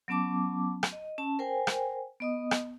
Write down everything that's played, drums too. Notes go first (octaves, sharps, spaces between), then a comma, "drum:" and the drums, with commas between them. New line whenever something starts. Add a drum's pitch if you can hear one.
F#3 B3 C#4 A5 D6
drum: rim click
D#5
C#4 A5
A#4 C5 G5 G#5
drum: rim click
B3 D#5 D#6
drum: rim click